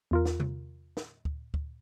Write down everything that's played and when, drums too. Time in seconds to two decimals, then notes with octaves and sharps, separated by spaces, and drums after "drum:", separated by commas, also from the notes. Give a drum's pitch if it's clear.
0.11 E2 F4 A#4
0.25 drum: snare
0.40 drum: tom C3
0.97 drum: snare
1.25 drum: kick D2
1.54 drum: kick D2